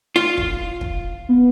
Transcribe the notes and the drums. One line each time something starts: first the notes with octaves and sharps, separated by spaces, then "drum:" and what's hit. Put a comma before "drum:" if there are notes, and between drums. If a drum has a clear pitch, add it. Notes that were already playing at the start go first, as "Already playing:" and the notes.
F4
drum: kick
drum: kick
B3